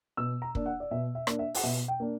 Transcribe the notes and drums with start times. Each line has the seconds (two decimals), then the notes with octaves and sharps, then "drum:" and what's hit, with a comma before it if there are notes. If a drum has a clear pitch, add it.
0.17 B2 E6
0.42 A#5
0.55 A#3 D4, drum: kick
0.66 F#5
0.80 D5
0.91 B2 E5
1.15 E5
1.27 A#3 D4, drum: rim click
1.39 E5
1.54 F#5, drum: open hi-hat
1.63 B2 E5
1.88 G5
2.00 A#3 D4